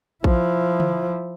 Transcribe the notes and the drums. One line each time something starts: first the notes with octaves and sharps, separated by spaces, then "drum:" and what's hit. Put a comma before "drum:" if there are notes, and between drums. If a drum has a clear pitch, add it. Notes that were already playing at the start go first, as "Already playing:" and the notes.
F3 E4, drum: kick
drum: tom D3